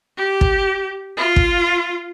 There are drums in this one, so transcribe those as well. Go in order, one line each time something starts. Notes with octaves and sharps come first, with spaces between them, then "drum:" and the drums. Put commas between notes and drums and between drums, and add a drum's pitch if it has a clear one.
G4
drum: kick
F4
drum: kick